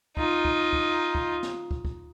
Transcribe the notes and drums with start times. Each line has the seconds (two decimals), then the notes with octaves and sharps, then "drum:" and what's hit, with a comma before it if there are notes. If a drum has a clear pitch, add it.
0.17 D#4 F4, drum: kick
0.45 drum: kick
0.73 drum: kick
1.15 drum: kick
1.43 drum: snare
1.71 drum: kick
1.85 drum: kick